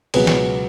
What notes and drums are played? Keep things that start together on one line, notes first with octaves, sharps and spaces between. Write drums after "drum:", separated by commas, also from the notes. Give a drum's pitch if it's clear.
C#2 B2 F#3 B3 G#4 B4, drum: cymbal
drum: snare